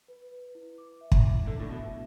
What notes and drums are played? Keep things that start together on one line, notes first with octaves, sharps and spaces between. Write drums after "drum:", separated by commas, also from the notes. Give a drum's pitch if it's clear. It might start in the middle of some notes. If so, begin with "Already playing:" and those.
B4
B4
E4
D6
E5
drum: kick
E4
D3 D4
A2
B2 E5